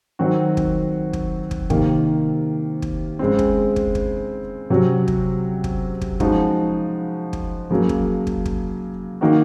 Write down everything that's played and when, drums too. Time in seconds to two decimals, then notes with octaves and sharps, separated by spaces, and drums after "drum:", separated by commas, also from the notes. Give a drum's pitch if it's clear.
0.19 D#3 F#3 C4 F#4
0.57 drum: kick
1.13 drum: kick
1.51 drum: kick
1.70 C3 D#3 A#3, drum: kick
2.82 drum: kick
3.19 C#3 G#3 C4
3.39 drum: kick
3.76 drum: kick
3.95 drum: kick
4.70 C3 F#3 C#4 F#4
5.08 drum: kick
5.64 drum: kick
6.01 drum: kick
6.20 C#3 F3 G#3 D#4 F#4, drum: kick
7.33 drum: kick
7.71 C#3 F#3 A#3
7.89 drum: kick
8.27 drum: kick
8.45 drum: kick
9.21 D#3 A#3 D#4 F#4